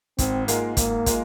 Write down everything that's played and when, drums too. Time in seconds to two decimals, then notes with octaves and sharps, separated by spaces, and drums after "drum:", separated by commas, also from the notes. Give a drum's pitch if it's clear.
0.18 G#1 C4, drum: kick, hi-hat
0.48 G#2 G#3 A#3 F4 A#4, drum: hi-hat
0.77 G#1 A#3, drum: kick, hi-hat
1.06 G#3 F4 A#4, drum: kick, hi-hat